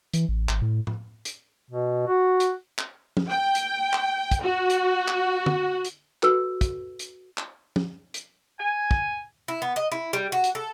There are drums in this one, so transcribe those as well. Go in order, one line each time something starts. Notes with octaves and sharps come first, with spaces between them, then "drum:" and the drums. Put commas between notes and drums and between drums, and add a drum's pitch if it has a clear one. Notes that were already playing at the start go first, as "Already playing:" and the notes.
E3, drum: hi-hat
A1
G#1, drum: clap
A2
drum: tom A2
drum: hi-hat
B2
F#4
drum: hi-hat
drum: clap
drum: tom
G5
drum: hi-hat
drum: clap
drum: kick, hi-hat
F#4
drum: hi-hat
drum: clap
drum: tom
drum: hi-hat
F#4 A4 B4 E6, drum: clap
drum: kick, hi-hat
drum: hi-hat
drum: clap
drum: tom
drum: hi-hat
G#5
drum: kick
E4
B3
D#5
E4
G3
F#4
drum: hi-hat
A4